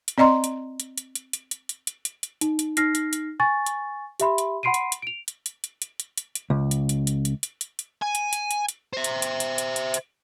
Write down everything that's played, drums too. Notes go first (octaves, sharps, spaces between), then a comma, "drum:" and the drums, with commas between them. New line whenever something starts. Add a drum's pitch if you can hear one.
drum: hi-hat
C4 D5 D#5 A#5 C6
drum: hi-hat
drum: hi-hat
drum: hi-hat
drum: hi-hat
drum: hi-hat
drum: hi-hat
drum: hi-hat
drum: hi-hat
drum: hi-hat
drum: hi-hat
D#4, drum: hi-hat
drum: hi-hat
D#4 F6 A#6 C7, drum: hi-hat
drum: hi-hat
drum: hi-hat
G#5 C#6 A6
drum: hi-hat
G4 E5 B5 C6, drum: hi-hat
drum: hi-hat
F#5 B5 C6 C7 D7 D#7
drum: hi-hat
drum: hi-hat
D7 F7
drum: hi-hat
drum: hi-hat
drum: hi-hat
drum: hi-hat
drum: hi-hat
drum: hi-hat
drum: hi-hat
C#2
drum: hi-hat
drum: hi-hat
drum: hi-hat
drum: hi-hat
drum: hi-hat
drum: hi-hat
drum: hi-hat
G#5
drum: hi-hat
drum: hi-hat
drum: hi-hat
drum: hi-hat
C5 E5
drum: hi-hat
drum: hi-hat
drum: hi-hat
drum: hi-hat
drum: hi-hat
drum: hi-hat